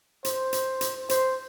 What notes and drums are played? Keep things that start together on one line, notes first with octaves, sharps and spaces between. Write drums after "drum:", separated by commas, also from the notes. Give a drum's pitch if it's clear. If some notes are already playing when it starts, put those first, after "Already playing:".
C5, drum: hi-hat
drum: hi-hat
drum: hi-hat
C5, drum: hi-hat